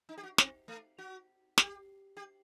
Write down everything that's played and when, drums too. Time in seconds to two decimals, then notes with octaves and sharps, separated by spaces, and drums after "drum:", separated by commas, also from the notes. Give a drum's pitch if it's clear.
0.09 D#4
0.18 G4
0.23 F#4
0.38 C4, drum: snare
0.68 A3
0.98 F#4
1.58 G4, drum: snare
2.17 G4